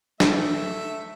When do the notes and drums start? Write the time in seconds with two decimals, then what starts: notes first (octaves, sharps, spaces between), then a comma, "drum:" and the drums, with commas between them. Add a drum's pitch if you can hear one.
0.20 A3 E5, drum: snare